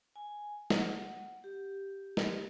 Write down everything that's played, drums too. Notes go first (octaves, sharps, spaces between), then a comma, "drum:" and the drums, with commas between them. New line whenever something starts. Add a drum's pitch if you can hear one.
G#5
F#5, drum: snare
G4
drum: snare